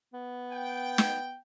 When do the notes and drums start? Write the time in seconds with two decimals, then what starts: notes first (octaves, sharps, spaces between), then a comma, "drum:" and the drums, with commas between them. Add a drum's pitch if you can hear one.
0.13 B3
0.52 G5
0.98 drum: snare